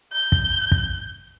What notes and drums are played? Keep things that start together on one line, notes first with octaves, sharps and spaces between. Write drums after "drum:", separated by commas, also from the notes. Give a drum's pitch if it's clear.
G6
drum: kick
drum: kick